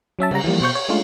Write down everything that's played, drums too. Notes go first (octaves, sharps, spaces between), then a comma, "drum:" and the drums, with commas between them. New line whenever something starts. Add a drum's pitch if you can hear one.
F#3 C#4 E5 A5
C#3 G3 A#5, drum: cymbal
E3 F3 G3 A#3
B2 C5 C#6 G6
C#5
G#3 A3 C#4 D4 F4